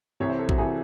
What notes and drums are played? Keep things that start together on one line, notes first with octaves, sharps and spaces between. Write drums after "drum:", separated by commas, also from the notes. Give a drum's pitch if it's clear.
C2 C3 E3 C#5
C5
A4
F#4, drum: kick A1
C2 C3 E3 G#4